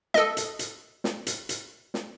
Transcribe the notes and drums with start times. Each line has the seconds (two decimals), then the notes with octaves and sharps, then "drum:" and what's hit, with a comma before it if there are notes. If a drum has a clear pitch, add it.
0.14 A4 D#5, drum: snare
0.37 drum: hi-hat
0.59 drum: hi-hat
1.04 drum: snare
1.27 drum: hi-hat
1.49 drum: hi-hat
1.94 drum: snare